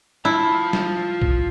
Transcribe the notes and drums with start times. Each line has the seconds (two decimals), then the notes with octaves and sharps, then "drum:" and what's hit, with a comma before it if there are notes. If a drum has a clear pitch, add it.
0.25 E4 F4 A5
0.73 drum: snare
1.22 drum: kick B1